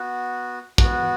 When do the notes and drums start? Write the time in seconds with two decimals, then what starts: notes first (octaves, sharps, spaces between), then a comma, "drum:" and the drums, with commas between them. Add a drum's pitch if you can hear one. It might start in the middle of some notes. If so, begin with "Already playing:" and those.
Already playing: B3 F#4
0.78 B3 F#4, drum: kick